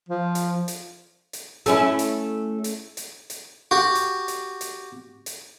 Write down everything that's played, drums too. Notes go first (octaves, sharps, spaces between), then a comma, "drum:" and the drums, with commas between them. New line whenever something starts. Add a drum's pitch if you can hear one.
F3
drum: hi-hat
drum: hi-hat
drum: hi-hat
A3 C#4 E4, drum: hi-hat
drum: hi-hat
drum: hi-hat
drum: hi-hat
drum: hi-hat
F#4 G4
drum: hi-hat
drum: hi-hat
drum: hi-hat
drum: hi-hat